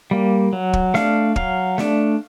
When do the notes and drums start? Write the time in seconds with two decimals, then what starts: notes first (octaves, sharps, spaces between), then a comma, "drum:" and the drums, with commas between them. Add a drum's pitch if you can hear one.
0.11 G3 A#3
0.53 F#3
0.73 drum: kick
0.94 A3 D4 F5, drum: snare
1.36 F#3 F5, drum: kick
1.78 A3 D4, drum: snare